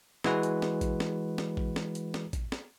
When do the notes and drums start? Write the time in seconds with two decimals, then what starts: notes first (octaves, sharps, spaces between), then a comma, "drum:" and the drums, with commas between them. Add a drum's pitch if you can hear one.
0.24 E3 G#3 F#4 B4, drum: snare
0.43 drum: hi-hat
0.62 drum: snare
0.81 drum: kick, hi-hat
1.00 drum: snare
1.38 drum: snare
1.57 drum: kick
1.76 drum: snare
1.95 drum: hi-hat
2.14 drum: snare
2.33 drum: kick, hi-hat
2.52 drum: snare